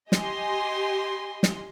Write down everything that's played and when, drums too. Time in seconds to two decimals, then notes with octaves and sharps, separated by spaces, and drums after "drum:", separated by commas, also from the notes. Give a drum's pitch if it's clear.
0.12 G4 D#5 G#5 C6, drum: snare
1.43 drum: snare